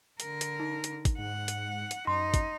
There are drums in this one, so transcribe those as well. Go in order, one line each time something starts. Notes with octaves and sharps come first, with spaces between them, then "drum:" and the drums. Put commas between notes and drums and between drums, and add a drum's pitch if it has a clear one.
D3 A#4, drum: hi-hat
drum: hi-hat
D#4
drum: hi-hat
drum: kick, hi-hat
G#2 F#5
drum: hi-hat
drum: hi-hat
F#2 D#4 C6
drum: kick, hi-hat